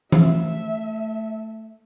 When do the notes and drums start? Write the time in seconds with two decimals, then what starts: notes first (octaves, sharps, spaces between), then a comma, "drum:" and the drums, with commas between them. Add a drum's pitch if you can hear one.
0.12 F3 A3 F4 E5, drum: tom E3